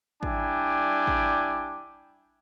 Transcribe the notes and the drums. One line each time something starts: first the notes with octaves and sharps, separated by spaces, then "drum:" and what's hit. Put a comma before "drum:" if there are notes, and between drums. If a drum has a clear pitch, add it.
G3 D4 E4 G5 G#5 D6, drum: kick G#1
drum: kick G#1